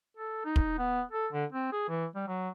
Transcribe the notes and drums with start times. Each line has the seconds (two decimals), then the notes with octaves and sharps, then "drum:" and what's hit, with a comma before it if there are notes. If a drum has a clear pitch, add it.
0.17 A4
0.45 D#4
0.56 drum: kick
0.78 B3
1.11 A4
1.32 D3
1.52 C4
1.72 G#4
1.88 E3
2.15 G3
2.28 F#3